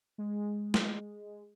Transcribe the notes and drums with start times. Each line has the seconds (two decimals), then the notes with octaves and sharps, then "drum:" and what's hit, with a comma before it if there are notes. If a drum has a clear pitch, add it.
0.18 G#3
0.74 drum: snare